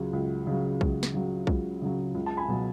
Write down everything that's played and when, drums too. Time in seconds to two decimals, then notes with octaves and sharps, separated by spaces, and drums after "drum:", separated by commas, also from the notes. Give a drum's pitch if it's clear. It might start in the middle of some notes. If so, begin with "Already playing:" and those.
Already playing: C#2 C#3 F#3
0.13 C#2
0.47 C#3 F#3
0.81 C#2, drum: kick
1.03 drum: snare
1.14 C#3 F#3
1.47 C#2, drum: kick
1.82 C#3 F#3
2.14 C#2
2.26 A5
2.37 G#5 B5
2.48 B2 F#3